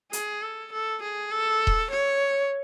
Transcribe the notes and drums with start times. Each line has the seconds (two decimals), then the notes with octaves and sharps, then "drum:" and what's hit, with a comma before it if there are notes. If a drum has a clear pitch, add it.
0.13 G#4, drum: hi-hat
0.43 A4
0.73 A4
1.03 G#4
1.32 A4
1.67 drum: kick D#1
1.91 C#5